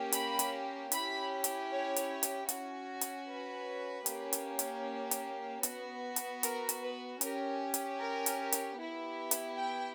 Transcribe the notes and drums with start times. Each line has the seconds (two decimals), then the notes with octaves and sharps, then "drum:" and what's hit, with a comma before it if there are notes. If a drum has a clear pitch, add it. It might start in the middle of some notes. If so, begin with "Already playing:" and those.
Already playing: A#3 C#4 G4
0.12 B5, drum: hi-hat
0.39 drum: hi-hat
0.92 C#4 E4 G4 B5, drum: hi-hat
1.44 drum: hi-hat
1.70 C#5
1.96 drum: hi-hat
2.23 drum: hi-hat
2.49 C#4 F#4, drum: hi-hat
3.01 drum: hi-hat
3.28 B4
4.06 A#3 C#4 G4, drum: hi-hat
4.33 drum: hi-hat
4.59 drum: hi-hat
5.11 drum: hi-hat
5.63 B3 F#4, drum: hi-hat
6.16 drum: hi-hat
6.43 A#4, drum: hi-hat
6.69 drum: hi-hat
6.82 B4
7.21 C#4 G4 A#4, drum: hi-hat
7.74 drum: hi-hat
8.00 A#4
8.26 drum: hi-hat
8.52 drum: hi-hat
8.78 B3 E4 G4
9.31 drum: hi-hat
9.57 G5